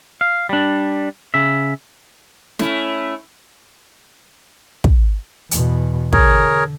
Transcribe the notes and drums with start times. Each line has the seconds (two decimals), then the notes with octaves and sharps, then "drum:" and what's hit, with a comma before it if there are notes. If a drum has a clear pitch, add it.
0.21 F5
0.49 G3 D4
1.34 C#3 E5
2.59 A3 C#4 E4, drum: snare
4.84 drum: kick
5.51 E2 B2, drum: hi-hat
6.13 D3 G#4 A#4 C#5, drum: kick